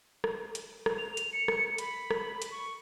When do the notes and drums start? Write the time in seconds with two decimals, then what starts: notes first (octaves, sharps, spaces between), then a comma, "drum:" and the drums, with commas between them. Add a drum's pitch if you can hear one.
0.24 drum: rim click
0.55 drum: hi-hat
0.86 drum: rim click
0.98 F7
1.17 drum: hi-hat
1.33 C#7
1.48 drum: rim click
1.78 B5, drum: hi-hat
2.11 drum: rim click
2.42 drum: hi-hat
2.51 C#6